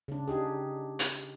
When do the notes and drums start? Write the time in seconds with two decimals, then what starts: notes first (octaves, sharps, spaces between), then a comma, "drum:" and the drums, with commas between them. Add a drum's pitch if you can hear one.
0.08 C#3 D4
0.28 D4 D#4 G4 G#4
0.99 drum: hi-hat